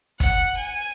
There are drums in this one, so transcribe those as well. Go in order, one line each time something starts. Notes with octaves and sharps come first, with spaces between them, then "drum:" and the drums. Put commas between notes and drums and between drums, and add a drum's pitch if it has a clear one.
F#5, drum: kick, hi-hat
G#5